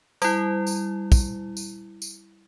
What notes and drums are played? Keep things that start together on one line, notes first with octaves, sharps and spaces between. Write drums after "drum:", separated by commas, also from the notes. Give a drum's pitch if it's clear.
G3 E4, drum: tambourine
drum: tambourine
drum: kick, tambourine
drum: tambourine
drum: tambourine